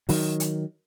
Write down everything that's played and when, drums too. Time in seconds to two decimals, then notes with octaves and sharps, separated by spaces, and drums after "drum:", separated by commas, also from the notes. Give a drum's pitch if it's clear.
0.09 D#3 F#3, drum: open hi-hat
0.40 drum: hi-hat